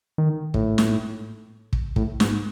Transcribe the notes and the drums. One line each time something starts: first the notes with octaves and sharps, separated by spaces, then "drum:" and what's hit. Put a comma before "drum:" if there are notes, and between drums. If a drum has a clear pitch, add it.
D#3
A2, drum: kick
drum: snare
drum: kick
A2, drum: kick
G#2, drum: snare